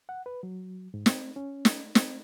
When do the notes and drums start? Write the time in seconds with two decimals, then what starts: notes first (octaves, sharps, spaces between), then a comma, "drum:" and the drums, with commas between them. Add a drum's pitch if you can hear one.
0.09 F#5
0.26 B4
0.43 F#3
0.94 G#2
1.06 C4, drum: snare
1.36 C#4
1.65 drum: snare
1.95 C4, drum: snare